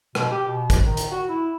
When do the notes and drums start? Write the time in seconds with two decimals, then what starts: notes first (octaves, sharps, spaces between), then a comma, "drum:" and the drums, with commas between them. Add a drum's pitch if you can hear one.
0.15 B2, drum: rim click
0.31 G4
0.47 B2
0.70 drum: kick, hi-hat
0.84 D#3
0.97 drum: hi-hat
1.11 F#4
1.29 E4